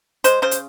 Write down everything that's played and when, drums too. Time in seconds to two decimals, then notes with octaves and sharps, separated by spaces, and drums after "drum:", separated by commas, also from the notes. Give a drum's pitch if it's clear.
0.24 G#3 C5, drum: hi-hat
0.42 C#3 C5
0.51 drum: hi-hat